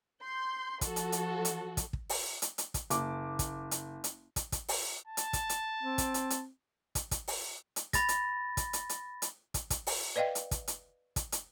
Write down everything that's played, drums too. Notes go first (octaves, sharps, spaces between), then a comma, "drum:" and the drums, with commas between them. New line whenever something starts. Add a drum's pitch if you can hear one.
C6 G6
F3 F#4 A4, drum: kick, hi-hat
drum: hi-hat
drum: hi-hat
drum: hi-hat
drum: kick, hi-hat
drum: kick
drum: open hi-hat
drum: hi-hat
drum: hi-hat
drum: kick, hi-hat
F#1 D6, drum: hi-hat
drum: kick, hi-hat
drum: hi-hat
drum: hi-hat
drum: kick, hi-hat
drum: kick, hi-hat
drum: open hi-hat
A5
drum: hi-hat
drum: kick, hi-hat
drum: hi-hat
C4
drum: kick, hi-hat
drum: hi-hat
drum: hi-hat
drum: kick, hi-hat
drum: kick, hi-hat
drum: open hi-hat
drum: hi-hat
B5 A6 A#6, drum: kick, hi-hat
drum: hi-hat
drum: kick, hi-hat
drum: hi-hat
drum: hi-hat
drum: hi-hat
drum: kick, hi-hat
drum: kick, hi-hat
drum: open hi-hat
B4 D5 D#5 F5 G5
drum: hi-hat
drum: kick, hi-hat
drum: hi-hat
drum: kick, hi-hat
drum: hi-hat